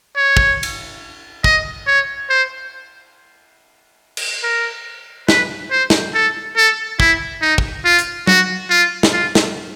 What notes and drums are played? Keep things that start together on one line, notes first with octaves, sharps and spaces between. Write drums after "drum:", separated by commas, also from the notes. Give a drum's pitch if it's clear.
C#5
drum: kick
drum: cymbal
D#5, drum: kick
C#5
C5
drum: cymbal
A#4
B4, drum: snare
C5
drum: snare
A4
A4
E4, drum: kick
D#4
drum: kick
F4
drum: hi-hat
F#4, drum: tom F#3
F4
drum: snare
F4
drum: snare